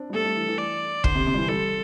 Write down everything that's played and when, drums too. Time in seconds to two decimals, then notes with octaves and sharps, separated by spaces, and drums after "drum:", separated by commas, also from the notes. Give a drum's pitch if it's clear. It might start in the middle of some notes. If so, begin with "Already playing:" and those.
Already playing: C4 D4
0.10 G3
0.14 A3 A4
0.25 G3
0.36 E3
0.48 E3
0.59 D5
1.04 D3 C5, drum: kick
1.15 C3
1.26 C3
1.34 G3
1.37 E3
1.49 G3 A4